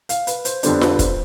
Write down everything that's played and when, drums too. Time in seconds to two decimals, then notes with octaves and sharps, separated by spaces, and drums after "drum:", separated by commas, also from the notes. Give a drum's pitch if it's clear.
0.09 F5, drum: hi-hat
0.27 B4, drum: hi-hat
0.45 C5, drum: hi-hat
0.63 F2 D3 G3 B3 D4 C5, drum: hi-hat
0.81 B4, drum: snare F4
0.99 C5, drum: kick, hi-hat